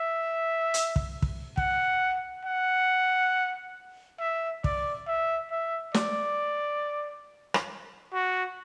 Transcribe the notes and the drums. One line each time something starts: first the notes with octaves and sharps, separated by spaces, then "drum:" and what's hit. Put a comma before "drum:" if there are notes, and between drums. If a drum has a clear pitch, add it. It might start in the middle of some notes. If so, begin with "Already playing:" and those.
Already playing: E5
drum: hi-hat
drum: kick
drum: kick
F#5, drum: kick
F#5
E5
D5, drum: kick
E5
E5
D5, drum: snare
drum: rim click
F#4